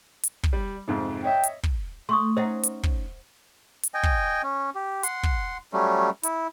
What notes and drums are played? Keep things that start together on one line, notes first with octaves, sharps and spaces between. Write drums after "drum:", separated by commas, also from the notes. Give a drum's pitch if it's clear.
drum: hi-hat
drum: kick
G3
F2 G#2 C3
C#5 D#5 E5 G5
drum: hi-hat
drum: kick
A3 C6 C#6 D#6
C#4 D#4 C5 E5 F#5
drum: hi-hat
drum: kick
drum: hi-hat
D#5 G5 G#5
drum: kick
C#4
G4
F#5 C6, drum: hi-hat
drum: kick
F#3 G3 A3 C#4
E4, drum: hi-hat